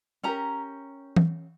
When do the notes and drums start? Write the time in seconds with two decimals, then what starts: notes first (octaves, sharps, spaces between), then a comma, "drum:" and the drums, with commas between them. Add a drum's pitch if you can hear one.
0.23 C#4 G4 A#4 A#5
1.16 drum: tom E3